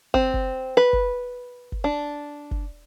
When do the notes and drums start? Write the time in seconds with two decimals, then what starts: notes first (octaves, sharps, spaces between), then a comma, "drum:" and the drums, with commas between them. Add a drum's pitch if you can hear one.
0.14 C4, drum: kick
0.34 drum: kick
0.77 B4
0.93 drum: kick
1.72 drum: kick
1.84 D4
2.51 drum: kick